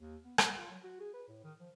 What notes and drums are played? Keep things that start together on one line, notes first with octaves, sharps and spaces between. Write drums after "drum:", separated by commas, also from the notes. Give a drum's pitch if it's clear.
D#2
B3
G3, drum: rim click
F4
F#3
F#4
G#4
B4
A2
D#3
F3